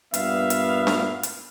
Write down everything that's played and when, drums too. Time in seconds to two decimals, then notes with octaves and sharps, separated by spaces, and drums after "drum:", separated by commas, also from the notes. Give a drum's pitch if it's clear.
0.14 G2 A#2 B3 E5 F5, drum: hi-hat
0.50 drum: hi-hat
0.87 drum: snare D4
1.23 drum: hi-hat